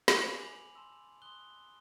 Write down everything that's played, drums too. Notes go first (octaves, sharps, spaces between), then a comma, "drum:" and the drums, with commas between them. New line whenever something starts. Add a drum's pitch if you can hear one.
drum: snare
F7
G#5 B5 D6 F#7
A5 C6 E6
C6 D#6 F#6 G7